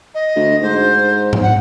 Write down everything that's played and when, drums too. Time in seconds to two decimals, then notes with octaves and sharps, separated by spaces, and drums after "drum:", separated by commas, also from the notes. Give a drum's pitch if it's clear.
0.14 D#5
0.36 D2
0.62 G#2 C5
1.33 drum: tom G#2
1.42 F#5